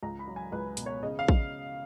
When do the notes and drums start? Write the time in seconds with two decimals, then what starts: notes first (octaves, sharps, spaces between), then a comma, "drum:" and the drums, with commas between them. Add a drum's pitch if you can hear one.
0.03 C#2 A#5
0.19 B5
0.27 F#3
0.36 G#5
0.52 C#2 B4
0.77 B2, drum: hi-hat
0.86 C#5
1.03 C#3 D#5
1.19 F5
1.28 drum: kick